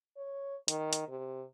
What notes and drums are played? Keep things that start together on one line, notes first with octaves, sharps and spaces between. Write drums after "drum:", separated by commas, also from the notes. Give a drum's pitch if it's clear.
C#5
D#3, drum: hi-hat
drum: hi-hat
C3